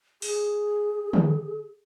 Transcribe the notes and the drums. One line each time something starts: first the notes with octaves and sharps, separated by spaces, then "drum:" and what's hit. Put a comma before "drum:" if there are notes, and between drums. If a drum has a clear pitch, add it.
G#4, drum: open hi-hat
drum: tom